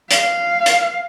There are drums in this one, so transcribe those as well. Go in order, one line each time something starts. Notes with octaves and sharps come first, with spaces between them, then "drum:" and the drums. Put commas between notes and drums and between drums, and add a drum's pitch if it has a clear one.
F5, drum: hi-hat
drum: hi-hat